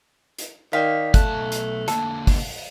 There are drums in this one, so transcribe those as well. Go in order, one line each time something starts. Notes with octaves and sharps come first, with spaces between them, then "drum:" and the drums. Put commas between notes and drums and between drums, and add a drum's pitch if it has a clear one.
drum: hi-hat
D#3 D5 F5 G5 B6
B1 A3 A5 F#6, drum: kick, hi-hat
drum: hi-hat
D3 A#3 A4, drum: hi-hat
drum: kick, open hi-hat